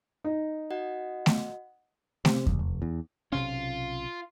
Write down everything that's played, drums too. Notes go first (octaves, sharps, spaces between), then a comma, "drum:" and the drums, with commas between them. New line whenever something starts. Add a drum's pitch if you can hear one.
D#4
F#4 D#5 F#5
drum: snare A3
C3, drum: snare A3
C#2, drum: kick E2
F1
E2
B1 C3 C#4 F4